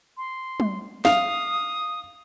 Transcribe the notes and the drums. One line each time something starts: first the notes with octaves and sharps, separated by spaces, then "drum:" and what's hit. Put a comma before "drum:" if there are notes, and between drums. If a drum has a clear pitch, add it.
C6
drum: tom
F5 D#6, drum: snare